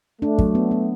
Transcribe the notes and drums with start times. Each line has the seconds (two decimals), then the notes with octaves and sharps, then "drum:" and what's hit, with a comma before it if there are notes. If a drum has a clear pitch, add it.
0.21 A3 D4
0.39 F#3, drum: kick
0.55 B3
0.71 B3